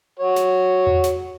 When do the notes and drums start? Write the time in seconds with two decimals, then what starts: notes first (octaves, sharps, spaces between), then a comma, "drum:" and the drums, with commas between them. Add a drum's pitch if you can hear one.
0.19 F#4 C#5
0.36 drum: snare
0.87 drum: tom E2
1.04 drum: snare